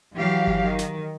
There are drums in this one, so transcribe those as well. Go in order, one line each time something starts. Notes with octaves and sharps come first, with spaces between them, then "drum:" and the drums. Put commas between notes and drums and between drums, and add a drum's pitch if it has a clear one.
E3 F#3 G4 F5
drum: kick G1
D#3
drum: snare